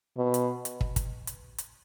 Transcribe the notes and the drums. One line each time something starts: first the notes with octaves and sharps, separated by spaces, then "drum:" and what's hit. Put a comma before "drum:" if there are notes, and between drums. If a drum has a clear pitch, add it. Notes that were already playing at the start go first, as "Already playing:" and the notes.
B2
drum: hi-hat
drum: hi-hat
drum: kick
drum: kick, hi-hat
drum: hi-hat
drum: hi-hat